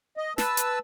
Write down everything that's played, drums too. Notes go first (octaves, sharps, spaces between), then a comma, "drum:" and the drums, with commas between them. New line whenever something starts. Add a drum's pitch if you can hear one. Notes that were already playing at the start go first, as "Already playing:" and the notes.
D#5
B4 A5 E6, drum: snare
drum: hi-hat